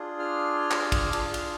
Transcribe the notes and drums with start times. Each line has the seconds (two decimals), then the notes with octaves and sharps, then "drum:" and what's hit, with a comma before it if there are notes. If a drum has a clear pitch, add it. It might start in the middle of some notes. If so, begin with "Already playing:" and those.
Already playing: D4 F4 G#4
0.19 F6
0.71 drum: clap
0.92 drum: kick, cymbal
1.13 D4 F4 G#4, drum: cymbal
1.34 drum: cymbal